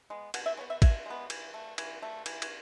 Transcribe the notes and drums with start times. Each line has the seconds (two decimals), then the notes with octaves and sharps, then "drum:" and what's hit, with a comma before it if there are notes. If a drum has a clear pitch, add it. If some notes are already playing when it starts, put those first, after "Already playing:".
0.10 G#3 B3
0.34 B2 F#5, drum: cymbal
0.46 E5
0.57 G#3 C#5
0.61 B3
0.70 E5
0.82 B2 E5, drum: kick, cymbal
1.06 G#3 B3
1.30 E3, drum: cymbal
1.54 A3
1.78 E3, drum: cymbal
2.02 A3
2.26 E3, drum: cymbal
2.42 drum: cymbal